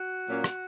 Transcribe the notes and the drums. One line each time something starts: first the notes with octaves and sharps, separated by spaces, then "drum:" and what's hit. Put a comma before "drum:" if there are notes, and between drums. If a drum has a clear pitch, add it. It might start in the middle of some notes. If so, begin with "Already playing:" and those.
Already playing: F#4
A#2 F#3 A#3 C#4
drum: rim click